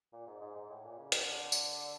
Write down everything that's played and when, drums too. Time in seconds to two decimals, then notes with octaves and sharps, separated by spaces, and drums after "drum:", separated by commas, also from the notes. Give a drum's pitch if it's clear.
0.13 A#2
0.27 G#2
0.41 G#2
0.55 G#2
0.70 A2
0.84 A#2
0.98 C#3
1.12 D3, drum: hi-hat
1.52 drum: tambourine